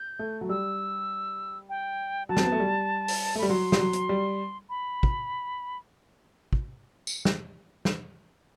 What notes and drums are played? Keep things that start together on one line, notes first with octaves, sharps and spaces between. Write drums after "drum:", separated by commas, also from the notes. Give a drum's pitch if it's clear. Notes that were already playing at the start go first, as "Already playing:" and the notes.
Already playing: G6
A3
F#3
G3 E6
G5
F#3 A5
C4, drum: snare
B3
A3
G3
drum: open hi-hat
A3
G3 B5
F#3 C6
G3, drum: snare
F#3
drum: hi-hat
G3
B5
drum: kick
drum: kick
drum: tambourine
drum: snare
drum: snare